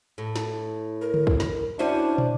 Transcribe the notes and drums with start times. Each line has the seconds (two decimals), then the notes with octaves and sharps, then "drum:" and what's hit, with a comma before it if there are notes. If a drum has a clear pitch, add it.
0.18 A2
0.36 drum: snare
1.01 A#4
1.14 drum: tom D3
1.27 drum: kick
1.40 drum: snare
1.79 C#4 D4 E4 F#4 C5
2.18 drum: tom